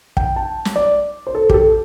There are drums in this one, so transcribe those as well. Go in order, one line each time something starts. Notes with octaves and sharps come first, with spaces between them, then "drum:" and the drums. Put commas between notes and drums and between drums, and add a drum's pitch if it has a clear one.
G5, drum: kick
A5
drum: snare
D5
C5
A4
G4, drum: kick
A4